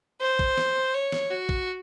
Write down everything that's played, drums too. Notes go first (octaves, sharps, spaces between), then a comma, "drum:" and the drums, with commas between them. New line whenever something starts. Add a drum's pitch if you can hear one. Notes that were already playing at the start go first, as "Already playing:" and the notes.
C5
drum: kick
drum: snare
C#5
drum: snare
F#4
drum: kick